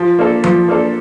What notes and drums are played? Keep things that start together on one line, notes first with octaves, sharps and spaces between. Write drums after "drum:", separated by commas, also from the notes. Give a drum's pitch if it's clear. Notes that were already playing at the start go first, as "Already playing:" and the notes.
Already playing: F3
A#3 D4 A4
F3, drum: tom F3
A#3 D4 A4